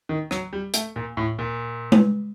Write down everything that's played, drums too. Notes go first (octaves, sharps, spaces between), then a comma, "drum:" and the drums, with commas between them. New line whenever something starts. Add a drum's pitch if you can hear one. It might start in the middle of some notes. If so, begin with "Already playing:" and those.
D#3
F#3, drum: rim click
G3
A3, drum: hi-hat
A#2
A2
A#2
drum: tom G#3